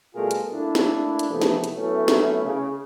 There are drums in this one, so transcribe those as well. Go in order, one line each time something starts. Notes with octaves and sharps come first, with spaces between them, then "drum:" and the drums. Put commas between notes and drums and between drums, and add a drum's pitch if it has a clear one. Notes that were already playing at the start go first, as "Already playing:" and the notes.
B2 G3 A3 F4 G#4 A#4
drum: hi-hat
A3 A#3 D4 E4
drum: snare
drum: hi-hat
C3 E3 F3 A3 B3
drum: snare
drum: hi-hat
F#3 A3 B3 C#4 E4
drum: snare
C#3